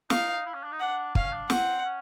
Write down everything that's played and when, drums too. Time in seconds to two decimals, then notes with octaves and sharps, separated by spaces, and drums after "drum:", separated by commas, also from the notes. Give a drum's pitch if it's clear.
0.10 D#4 F5, drum: snare
0.46 E4
0.54 C#4
0.63 D4
0.72 D#4
0.80 D4 F#5
1.15 C#4 F5, drum: kick
1.33 D4
1.50 C4 F#5, drum: snare
1.85 C#4